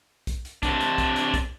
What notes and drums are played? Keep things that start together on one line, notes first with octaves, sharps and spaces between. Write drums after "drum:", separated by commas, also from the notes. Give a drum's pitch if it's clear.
drum: kick, hi-hat
drum: hi-hat
C3 D4, drum: kick, hi-hat
drum: hi-hat
drum: kick, hi-hat
drum: hi-hat
drum: kick, hi-hat